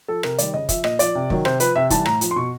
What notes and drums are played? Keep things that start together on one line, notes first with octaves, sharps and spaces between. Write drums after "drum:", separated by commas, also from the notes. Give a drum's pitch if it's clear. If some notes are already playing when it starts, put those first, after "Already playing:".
F3 A4
C3 A#4, drum: rim click
D#3 G3 D5, drum: hi-hat
C#3 D#5
F3 E5, drum: kick, hi-hat
A#2 D#5, drum: rim click
F3 D5, drum: hi-hat
C3
D#3 F#3, drum: kick
C3 C5, drum: rim click
F3 B4, drum: hi-hat
C3 E5
E3 G3 A5, drum: kick, hi-hat
A2 A#5, drum: rim click
F3, drum: hi-hat
C6
B2 C#6